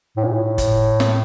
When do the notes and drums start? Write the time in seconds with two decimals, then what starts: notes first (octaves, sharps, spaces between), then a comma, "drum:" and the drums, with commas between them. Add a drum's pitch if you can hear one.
0.17 A2
0.25 A#2
0.33 A2
0.58 drum: kick, hi-hat
1.00 drum: snare